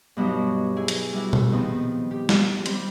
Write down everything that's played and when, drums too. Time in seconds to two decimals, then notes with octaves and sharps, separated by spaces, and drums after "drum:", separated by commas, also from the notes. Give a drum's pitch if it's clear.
0.17 G2 B2 F#3 G3 D#4
0.76 E4 G#4 G#5
0.88 drum: hi-hat
1.13 G3 E4 F#4
1.33 drum: tom A#2
1.52 D#3 F3 B3 C4
2.11 G4
2.29 drum: snare
2.66 G3 C4, drum: hi-hat